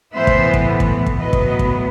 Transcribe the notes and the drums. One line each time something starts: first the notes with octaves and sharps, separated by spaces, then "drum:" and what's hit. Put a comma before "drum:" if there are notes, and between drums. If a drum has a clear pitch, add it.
A2 E3 B3 C5 E5
drum: kick
drum: kick
drum: kick
drum: kick
A2 F#3 B3 B4 D#5
drum: kick
drum: kick